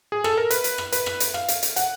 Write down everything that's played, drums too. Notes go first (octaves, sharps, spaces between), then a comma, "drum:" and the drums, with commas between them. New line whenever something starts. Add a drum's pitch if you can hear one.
G#4
A4, drum: rim click
A#4
B4, drum: hi-hat
drum: hi-hat
drum: rim click
B4, drum: hi-hat
drum: rim click
drum: hi-hat
F5, drum: rim click
drum: hi-hat
drum: hi-hat
F#5, drum: hi-hat